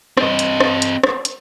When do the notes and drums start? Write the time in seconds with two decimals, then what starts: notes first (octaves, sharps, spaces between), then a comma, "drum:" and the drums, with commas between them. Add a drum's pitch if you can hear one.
0.17 C4 D#5, drum: rim click
0.39 drum: hi-hat
0.60 drum: rim click
0.82 drum: hi-hat
1.03 drum: rim click
1.25 drum: hi-hat